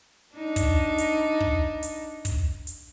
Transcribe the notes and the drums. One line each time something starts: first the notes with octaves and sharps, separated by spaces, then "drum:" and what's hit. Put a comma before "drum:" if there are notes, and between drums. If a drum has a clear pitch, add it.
D4 D#4
drum: kick, hi-hat
drum: hi-hat
drum: kick
drum: hi-hat
drum: kick, hi-hat
drum: hi-hat